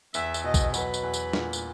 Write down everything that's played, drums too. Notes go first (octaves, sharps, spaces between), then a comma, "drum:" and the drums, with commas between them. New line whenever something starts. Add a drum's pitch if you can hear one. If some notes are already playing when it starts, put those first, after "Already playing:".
E2 E5, drum: tambourine
drum: tambourine
B2 D#5
drum: kick A#1, tambourine
F#3 B4, drum: tambourine
drum: tambourine
E2
drum: tambourine
A#2, drum: snare
drum: tambourine